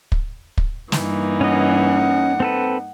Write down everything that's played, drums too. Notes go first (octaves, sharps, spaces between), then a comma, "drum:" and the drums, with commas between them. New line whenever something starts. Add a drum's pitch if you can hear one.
drum: kick
drum: kick
G2 E3 A#3 D#4, drum: snare
C#4 D#5 F#5
C4 A4 B4